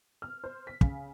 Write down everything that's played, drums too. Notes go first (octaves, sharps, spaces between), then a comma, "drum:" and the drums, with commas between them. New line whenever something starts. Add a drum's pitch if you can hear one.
F6
C5
B6
C#3, drum: kick